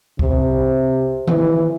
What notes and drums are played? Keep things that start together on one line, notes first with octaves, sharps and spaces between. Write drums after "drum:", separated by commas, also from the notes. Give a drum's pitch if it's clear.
C3, drum: kick C2
E3, drum: tom D#3